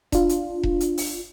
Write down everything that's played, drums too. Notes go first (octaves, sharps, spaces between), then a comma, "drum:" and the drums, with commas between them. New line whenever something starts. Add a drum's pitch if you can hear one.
D4 F4, drum: kick E1, hi-hat
drum: hi-hat
drum: kick E1
drum: hi-hat
drum: open hi-hat